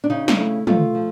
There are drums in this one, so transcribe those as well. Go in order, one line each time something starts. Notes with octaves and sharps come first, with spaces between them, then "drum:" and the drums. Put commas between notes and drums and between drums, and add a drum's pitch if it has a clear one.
D4
C#3 D#4
D#4, drum: snare
A3 E4
A3 F4, drum: tom
F3